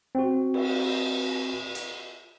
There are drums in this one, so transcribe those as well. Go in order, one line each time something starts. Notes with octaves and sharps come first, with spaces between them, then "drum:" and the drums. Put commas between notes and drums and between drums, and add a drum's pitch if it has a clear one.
C4 F#4
drum: cymbal
drum: hi-hat